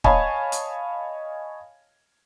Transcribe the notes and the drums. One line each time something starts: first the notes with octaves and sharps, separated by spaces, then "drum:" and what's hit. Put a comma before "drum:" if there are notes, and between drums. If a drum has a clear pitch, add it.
C#5 D#5 F5 G#5 A5 B5, drum: kick
drum: hi-hat